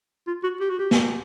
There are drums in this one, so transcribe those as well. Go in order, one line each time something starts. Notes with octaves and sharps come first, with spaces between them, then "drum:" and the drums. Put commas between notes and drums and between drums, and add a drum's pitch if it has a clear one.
F4
F#4
G4
F#4
G4
drum: snare